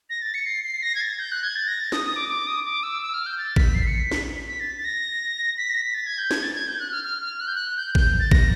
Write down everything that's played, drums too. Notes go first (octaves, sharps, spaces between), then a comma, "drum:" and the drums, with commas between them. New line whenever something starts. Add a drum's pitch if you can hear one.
A#6
A6
C#7
C7
C7
A#6
G#6
A6
G6
F#6
G#6
A6
A#6
A6
D#6, drum: snare
D#6
D6
D6
D#6
D6
E6
E6
F6
G6
A6
B6, drum: kick A1
C7
C#7
B6
drum: snare
B6
A6
A6
A#6
B6
A#6
B6
A6
G#6
G6
G#6, drum: snare
A6
G#6
G6
F#6
F6
F6
F6
F#6
G6
F#6
G6
G6, drum: kick A1
A6
A#6, drum: kick A1